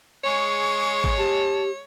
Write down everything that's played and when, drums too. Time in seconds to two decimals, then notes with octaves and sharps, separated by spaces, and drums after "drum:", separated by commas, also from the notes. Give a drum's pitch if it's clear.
0.24 G#3 G#4 C#5 C#6
1.04 drum: kick
1.18 G4 A5